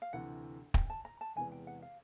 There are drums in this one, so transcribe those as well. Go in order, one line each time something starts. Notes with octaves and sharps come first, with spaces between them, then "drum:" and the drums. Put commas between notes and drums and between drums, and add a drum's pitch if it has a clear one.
F5
D2 C3 E3 F#5
G5, drum: kick
A5
A#5
A5
E2 C3 E3 G#3 B3 G#5
G5
F#5
F5